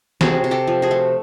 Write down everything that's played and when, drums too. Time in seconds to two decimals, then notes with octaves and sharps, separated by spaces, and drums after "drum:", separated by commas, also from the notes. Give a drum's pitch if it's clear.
0.21 C3 F#4 G#4, drum: snare
0.44 C3
0.51 G4 A4
0.67 F3
0.82 F#4 G#4
0.91 A3